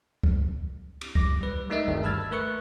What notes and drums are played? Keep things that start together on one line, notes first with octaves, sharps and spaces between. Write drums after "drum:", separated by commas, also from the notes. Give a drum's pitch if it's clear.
drum: kick C#2
drum: cymbal
D6 A#6, drum: kick C#2
G3 B4
G3 A3 D#4 A#4 D#5 E5
G1 D2 G2 D#3 G3 A3
A5 B5 E6 F6 G#6 A6
A3 A#4 B4 C#6 F#6 C#7